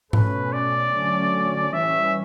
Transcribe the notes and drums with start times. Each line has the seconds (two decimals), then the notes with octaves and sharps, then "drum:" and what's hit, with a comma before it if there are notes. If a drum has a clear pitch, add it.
0.13 B2 A3 C#4 B4, drum: tom G#2
0.53 D5
0.93 D3 F#3 A3 C#4
1.73 E3 G3 C#4 E5